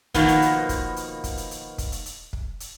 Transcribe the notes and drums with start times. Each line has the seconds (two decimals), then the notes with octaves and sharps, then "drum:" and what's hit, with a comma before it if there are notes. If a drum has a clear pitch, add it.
0.14 B2 D#3 F3 A#3 B3, drum: kick, hi-hat
0.28 drum: hi-hat
0.42 drum: hi-hat
0.69 drum: kick, hi-hat
0.96 drum: hi-hat
1.24 drum: kick, hi-hat
1.37 drum: hi-hat
1.51 drum: hi-hat
1.78 drum: kick, hi-hat
1.92 drum: hi-hat
2.06 drum: hi-hat
2.33 drum: kick
2.60 drum: hi-hat